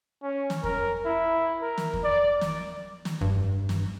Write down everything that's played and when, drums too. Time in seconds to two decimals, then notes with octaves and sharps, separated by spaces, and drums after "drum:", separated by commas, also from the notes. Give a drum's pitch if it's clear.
0.23 C#4
0.50 drum: snare
0.64 A#4, drum: kick E2
1.05 E4
1.62 A#4
1.78 drum: snare
1.94 drum: kick E2
2.04 D5
2.41 drum: snare
3.05 drum: snare
3.21 G2, drum: kick E2
3.69 drum: snare